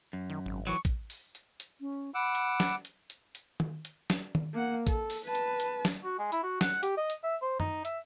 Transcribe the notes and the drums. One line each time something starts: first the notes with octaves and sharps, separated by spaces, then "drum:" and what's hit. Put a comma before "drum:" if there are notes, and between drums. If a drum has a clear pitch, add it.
F#2
D#3
G#1
E3 F#3 C#6
drum: kick, hi-hat
drum: open hi-hat
drum: hi-hat
drum: hi-hat
C#4
F#5 B5 D6 E6
drum: hi-hat
drum: snare
drum: hi-hat
drum: hi-hat
drum: hi-hat
drum: tom D#3
drum: hi-hat
drum: snare
drum: tom D#3
A#3 F#5
A4, drum: kick, hi-hat
drum: open hi-hat
B4 A5
drum: hi-hat
drum: hi-hat
drum: snare
F#4
G#3
E4, drum: hi-hat
F#4
F#5, drum: snare
G4, drum: hi-hat
D#5
drum: hi-hat
E5
C5
D#4, drum: tom F#2
E5, drum: hi-hat